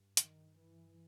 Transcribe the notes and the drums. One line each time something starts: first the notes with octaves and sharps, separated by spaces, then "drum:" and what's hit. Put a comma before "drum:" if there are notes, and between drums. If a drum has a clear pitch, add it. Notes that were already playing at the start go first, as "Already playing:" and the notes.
Already playing: G2
D#3, drum: hi-hat
G2 E3